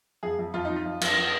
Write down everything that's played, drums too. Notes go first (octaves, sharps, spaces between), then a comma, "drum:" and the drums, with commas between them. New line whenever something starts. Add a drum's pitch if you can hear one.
F2 G#4
F2
F2 F4
D#4
F3
F4
F2
F2, drum: cymbal
F3